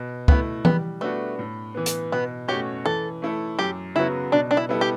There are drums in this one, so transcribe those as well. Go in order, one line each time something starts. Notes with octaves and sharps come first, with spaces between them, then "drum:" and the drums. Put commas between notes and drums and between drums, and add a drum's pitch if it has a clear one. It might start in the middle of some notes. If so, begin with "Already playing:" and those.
Already playing: B2
A3 B3 E4, drum: kick
G3 B3, drum: tom E3
A3 B3 D4 F#4
A2
E3 B3
drum: hi-hat
B2 B3
A3 C#4 F#4 G4 C#5
E3 A4
A3 E4 A4
F#2 G4
C#3 F#3 B3 E4 F#4
B2 D4
D4
E4
G3 B3 E4 A4
G4